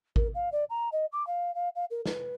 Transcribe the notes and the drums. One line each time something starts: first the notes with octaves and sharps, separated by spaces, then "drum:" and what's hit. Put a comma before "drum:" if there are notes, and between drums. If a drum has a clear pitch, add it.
A#4, drum: kick G#1
F5
D5
A#5
D#5
D6
F5
F5
F5
A#4
B4, drum: snare